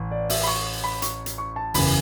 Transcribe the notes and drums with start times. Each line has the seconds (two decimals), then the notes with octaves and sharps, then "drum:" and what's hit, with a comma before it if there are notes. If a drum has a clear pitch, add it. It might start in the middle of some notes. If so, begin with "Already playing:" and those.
Already playing: A1 E3
0.11 D5
0.30 E5, drum: open hi-hat
0.43 B5
0.47 C#6
0.84 B5
1.02 C#6, drum: hi-hat
1.26 drum: hi-hat
1.38 C#6
1.56 A5
1.74 F#1 E2 C#3 E3 B5, drum: open hi-hat